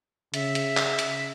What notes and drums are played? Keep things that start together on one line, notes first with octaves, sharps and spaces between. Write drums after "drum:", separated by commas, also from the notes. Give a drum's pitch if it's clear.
C#3 E5, drum: hi-hat
drum: hi-hat
drum: clap
drum: hi-hat